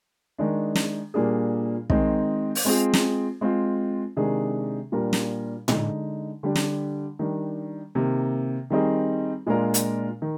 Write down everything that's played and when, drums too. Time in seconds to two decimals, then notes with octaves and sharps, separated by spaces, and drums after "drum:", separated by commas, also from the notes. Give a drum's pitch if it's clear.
0.38 D#3 G#3 D4
0.75 drum: snare
1.14 A#2 G3 A#3 D4 G#4
1.90 D#3 G#3 C4 D#4, drum: kick
2.55 drum: open hi-hat
2.65 G#3 C4 F4 G#4
2.94 drum: snare
3.41 G#3 C4 F4
4.17 C3 D#3 G#3 D4 G#4
4.92 A#2 G3 D4 F4 A#4
5.13 drum: snare
5.68 D3 G#3 D#4, drum: tom A2
6.43 D3 G3 D4 G4
6.56 drum: snare
7.19 D#3 G3 D4
7.95 C3 D#3 A#3
8.70 D#3 G3 C4 D#4 G#4
9.46 A#2 G#3 D4 F4 A#4
9.74 drum: hi-hat
10.22 D#3